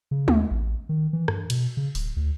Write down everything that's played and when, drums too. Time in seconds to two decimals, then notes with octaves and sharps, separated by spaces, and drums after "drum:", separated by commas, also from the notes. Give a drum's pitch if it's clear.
0.11 C#3
0.28 D#2, drum: tom G#3
0.51 A1
0.89 D#3
1.13 E3
1.28 G2, drum: rim click
1.50 B2, drum: cymbal
1.77 C#3
1.95 D1, drum: open hi-hat
2.16 D2